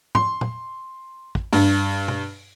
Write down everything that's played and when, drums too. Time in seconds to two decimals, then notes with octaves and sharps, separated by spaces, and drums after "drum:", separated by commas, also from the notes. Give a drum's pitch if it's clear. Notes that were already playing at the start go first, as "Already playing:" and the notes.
0.15 C6, drum: tom
0.41 drum: tom
1.35 drum: kick
1.53 G2, drum: open hi-hat
2.08 drum: tom